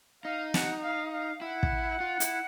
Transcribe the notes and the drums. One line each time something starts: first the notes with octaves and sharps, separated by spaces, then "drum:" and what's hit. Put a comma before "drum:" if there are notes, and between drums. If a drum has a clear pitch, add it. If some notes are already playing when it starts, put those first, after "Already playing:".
D#4 F5
F#5, drum: snare
F5
F5
E4 F#5
drum: kick
F4
E4, drum: hi-hat